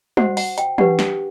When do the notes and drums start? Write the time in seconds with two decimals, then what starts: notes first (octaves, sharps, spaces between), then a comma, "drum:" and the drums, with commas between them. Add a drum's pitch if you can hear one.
0.17 F#4 C5 F#5, drum: tom G3
0.37 F#5, drum: open hi-hat
0.58 G5, drum: hi-hat
0.78 D4 G4 B4 F#5, drum: tom E3
0.99 drum: snare